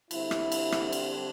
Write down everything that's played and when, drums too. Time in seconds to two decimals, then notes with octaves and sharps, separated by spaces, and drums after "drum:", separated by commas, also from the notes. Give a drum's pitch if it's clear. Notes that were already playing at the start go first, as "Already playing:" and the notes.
0.11 D3 G3 C4 E4, drum: cymbal
0.31 drum: rim click
0.52 drum: cymbal
0.72 drum: rim click
0.92 D4, drum: cymbal